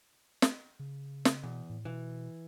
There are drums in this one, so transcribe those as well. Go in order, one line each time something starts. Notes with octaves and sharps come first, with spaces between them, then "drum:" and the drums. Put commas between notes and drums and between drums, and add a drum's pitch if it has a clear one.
drum: snare
C#3
drum: snare
E2 B2
A2
B2 E3